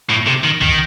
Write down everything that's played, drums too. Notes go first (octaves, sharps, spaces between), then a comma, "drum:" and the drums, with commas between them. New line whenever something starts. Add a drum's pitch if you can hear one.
A2
C3, drum: rim click
D#3
D#3, drum: kick